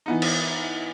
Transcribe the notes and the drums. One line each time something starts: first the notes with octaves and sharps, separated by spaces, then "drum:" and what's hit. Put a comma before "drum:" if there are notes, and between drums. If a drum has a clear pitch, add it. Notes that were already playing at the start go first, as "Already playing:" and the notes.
E3 B3 D#4
drum: cymbal